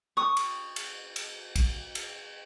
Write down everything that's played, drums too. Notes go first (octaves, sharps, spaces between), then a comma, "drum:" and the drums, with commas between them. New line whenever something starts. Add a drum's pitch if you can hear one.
C#6 D#6
drum: cymbal
drum: cymbal
drum: cymbal
drum: kick, cymbal
drum: cymbal